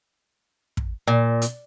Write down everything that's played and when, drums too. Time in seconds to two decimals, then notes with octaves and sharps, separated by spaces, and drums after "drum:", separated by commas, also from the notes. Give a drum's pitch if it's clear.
0.77 drum: kick
1.08 A#2
1.42 drum: hi-hat